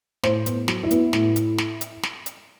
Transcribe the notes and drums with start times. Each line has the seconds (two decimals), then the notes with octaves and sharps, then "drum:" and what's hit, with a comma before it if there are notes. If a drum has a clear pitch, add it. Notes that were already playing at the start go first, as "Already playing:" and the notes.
0.23 A2 C5, drum: snare
0.46 B3, drum: hi-hat
0.68 F#3, drum: snare
0.83 E4
0.91 B3, drum: hi-hat
1.13 A2, drum: snare
1.36 drum: hi-hat
1.58 drum: snare
1.81 drum: hi-hat
2.03 drum: snare
2.26 drum: hi-hat